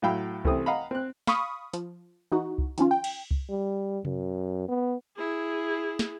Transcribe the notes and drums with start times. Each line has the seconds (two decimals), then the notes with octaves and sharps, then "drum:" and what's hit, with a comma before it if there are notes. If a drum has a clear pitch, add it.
0.02 A2 F#3 F5 G5 B5 E6
0.45 C2 E3 A3 C4 D#6, drum: kick C2
0.66 D#5 F5 F#5 A#5 B5
0.91 C4 F#6
1.27 F5 B5 C#6 D#6, drum: snare
1.74 F3, drum: hi-hat
2.32 E3 D#4 F#4
2.58 drum: kick C2
2.78 D#3 F3 C#4 F4, drum: hi-hat
2.91 G5
3.04 drum: cymbal
3.31 drum: kick C2
3.49 G3
4.05 F#2, drum: tom C3
4.68 B3
5.16 E4 G#4
5.99 drum: snare